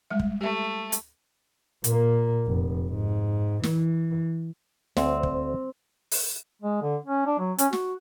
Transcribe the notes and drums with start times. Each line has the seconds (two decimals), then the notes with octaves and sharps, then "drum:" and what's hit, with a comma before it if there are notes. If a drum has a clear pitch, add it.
0.10 G3 G#3 E5
0.19 drum: kick
0.41 A3 G4 E5
0.92 drum: hi-hat
1.84 A#2 A#3, drum: hi-hat
2.46 F1
2.90 G#2
3.63 E3, drum: snare
4.97 D2 C4, drum: snare
5.23 drum: kick
6.11 drum: open hi-hat
6.62 G#3
6.82 D3
7.05 C#4
7.26 D4
7.39 F#3
7.58 C#4, drum: hi-hat
7.73 F#4, drum: snare